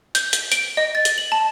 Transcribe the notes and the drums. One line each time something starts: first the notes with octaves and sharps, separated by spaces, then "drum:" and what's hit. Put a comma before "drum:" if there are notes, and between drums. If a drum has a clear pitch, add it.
G6, drum: hi-hat
drum: hi-hat
D7, drum: hi-hat
D#5
A6
drum: hi-hat
F#7
A5